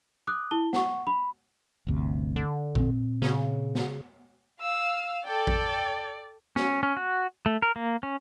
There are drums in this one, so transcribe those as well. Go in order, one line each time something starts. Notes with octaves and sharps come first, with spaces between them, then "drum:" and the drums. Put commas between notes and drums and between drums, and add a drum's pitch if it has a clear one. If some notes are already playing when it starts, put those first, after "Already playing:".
D6 D#6 F#6
E4 A5 G7
F#5 C#6, drum: snare
B5
G1 D2 C3
D3
A#2 C4, drum: kick A1
C#3, drum: snare
drum: snare
F5 E6
A4 D5 G5
drum: kick A1
C#4, drum: snare
C#4
F#4
A3
A#4
A#3
C#4